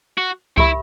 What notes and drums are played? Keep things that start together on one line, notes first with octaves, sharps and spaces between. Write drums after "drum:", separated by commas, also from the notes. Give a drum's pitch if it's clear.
F#4
E4 G4 A#4 E5 B5, drum: kick C2